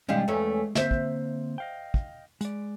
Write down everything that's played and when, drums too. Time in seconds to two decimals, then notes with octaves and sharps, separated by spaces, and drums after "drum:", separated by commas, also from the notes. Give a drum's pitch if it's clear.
0.09 B2 D#3 G3 G#3 C#4 F4
0.28 E2 G#3 A3 C#4
0.75 D3 A#3 C4 C5 E5, drum: snare
0.91 drum: kick
1.58 D#5 F5 G5
1.94 drum: kick
2.41 G#3 D5, drum: hi-hat